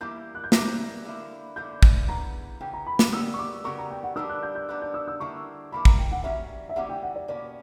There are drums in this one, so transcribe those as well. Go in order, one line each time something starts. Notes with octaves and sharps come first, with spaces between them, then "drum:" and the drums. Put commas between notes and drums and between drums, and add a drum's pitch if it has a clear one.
E3 G3 A#3 E4 A#4 G6
F#6
G6
E3 G3 A#3 E4 A#4 A#6, drum: snare
D3 A#3 E4
D3 A#3 E4 G6
drum: kick
C#3 E3 B3 A#5
C#3 E3 B3 G5
A#5
B5
D6, drum: snare
C#3 G3 B3 F#4 A#4 E6
C#6
D6
C#3 G3 B3 F#4 A#4 C#6
A#5
G5
F#5
G3 B3 D4 A#4 E6
F#6
G6
G6
G3 B3 D4 A#4 F#6
G6
E6
E6
D3 G3 A#3 E4 A#4 C#6
D3 G3 A#3 E4 A#4 B5
A#5, drum: kick
G5
F#5
E3 G3 A#3 C#4 F#4 E5
E5
E3 G3 A#3 C#4 F#4 F#5
G5
F#5
D5
B2 A#3 C#4 D5